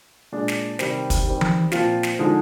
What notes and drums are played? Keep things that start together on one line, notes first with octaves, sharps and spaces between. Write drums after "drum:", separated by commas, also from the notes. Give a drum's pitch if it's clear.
A#2 G#3 D4 G#4
drum: snare
C3 D#3 G3 C4, drum: snare
drum: kick, hi-hat
D#3 G3 C4
drum: tom E3
A#2 F3 C4 F4, drum: snare
drum: snare
D3 F3 G#3 D#4